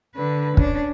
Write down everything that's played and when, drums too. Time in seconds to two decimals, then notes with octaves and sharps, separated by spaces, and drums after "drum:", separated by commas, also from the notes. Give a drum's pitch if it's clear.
0.15 D3 B4
0.57 C#4 D4, drum: kick